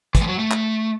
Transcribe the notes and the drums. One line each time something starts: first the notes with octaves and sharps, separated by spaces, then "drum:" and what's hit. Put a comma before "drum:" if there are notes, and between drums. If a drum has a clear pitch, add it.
E3, drum: kick, hi-hat
G#3
F#3
A3
drum: clap